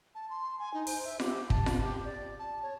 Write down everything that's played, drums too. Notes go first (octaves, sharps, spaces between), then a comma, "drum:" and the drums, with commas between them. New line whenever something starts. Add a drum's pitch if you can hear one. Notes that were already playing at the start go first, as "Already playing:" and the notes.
A5
C6
G#5
D#4
C5, drum: open hi-hat
E5
G4, drum: snare F4
A5, drum: kick
drum: snare F4
G4
D5
A5
C#5